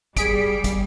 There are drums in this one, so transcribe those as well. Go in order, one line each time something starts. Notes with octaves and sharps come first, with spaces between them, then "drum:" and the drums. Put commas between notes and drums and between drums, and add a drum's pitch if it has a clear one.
G3 G#4 B6 D7, drum: kick, hi-hat
drum: kick, hi-hat